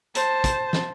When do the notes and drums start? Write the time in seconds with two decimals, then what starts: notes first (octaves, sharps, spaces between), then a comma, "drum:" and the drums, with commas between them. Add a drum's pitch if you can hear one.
0.15 C5 A5, drum: hi-hat
0.44 drum: kick, hi-hat
0.73 drum: snare